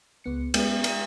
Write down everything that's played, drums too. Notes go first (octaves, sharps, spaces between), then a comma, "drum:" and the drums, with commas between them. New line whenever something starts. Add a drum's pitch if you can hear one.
C#2 B3 C#7
G#3 B3 C#4, drum: cymbal
drum: cymbal